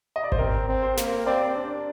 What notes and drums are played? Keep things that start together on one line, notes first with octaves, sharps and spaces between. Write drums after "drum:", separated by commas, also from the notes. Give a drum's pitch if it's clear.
D#5
D5
C5, drum: kick G#1
C4 A#4
C4
C5
A#3, drum: snare
C4 D5
D4